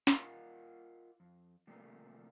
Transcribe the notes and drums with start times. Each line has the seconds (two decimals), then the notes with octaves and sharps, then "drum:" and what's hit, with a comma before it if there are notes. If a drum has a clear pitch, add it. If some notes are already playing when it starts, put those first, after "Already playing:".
0.07 F4 A#4 D#5 F5 F#5, drum: snare
1.20 F2
1.67 C3 F3 G3 A3 A#3